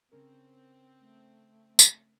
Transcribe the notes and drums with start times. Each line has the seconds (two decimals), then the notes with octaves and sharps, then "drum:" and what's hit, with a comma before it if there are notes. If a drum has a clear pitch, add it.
0.12 C#3 C4 C#4 A#4
1.00 A3
1.79 drum: tambourine